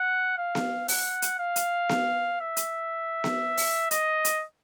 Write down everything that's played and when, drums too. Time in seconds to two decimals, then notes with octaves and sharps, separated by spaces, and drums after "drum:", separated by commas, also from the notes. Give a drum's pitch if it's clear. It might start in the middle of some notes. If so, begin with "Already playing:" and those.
Already playing: F#5
0.38 F5
0.55 drum: snare B3
0.88 F#5, drum: open hi-hat
1.22 drum: hi-hat
1.39 F5
1.56 drum: hi-hat
1.89 drum: snare B3
2.40 E5
2.57 drum: hi-hat
3.24 drum: snare B3
3.57 drum: open hi-hat
3.91 D#5, drum: hi-hat
4.25 drum: hi-hat